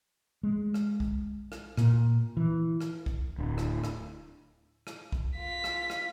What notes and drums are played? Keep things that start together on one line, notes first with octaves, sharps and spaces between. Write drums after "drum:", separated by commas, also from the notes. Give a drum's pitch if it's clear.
G#3
drum: rim click
drum: kick B1
drum: rim click
A#2, drum: rim click
E3
drum: rim click
drum: kick B1
D1
drum: rim click
drum: rim click
drum: rim click
drum: kick B1
F4 B6
drum: rim click
drum: rim click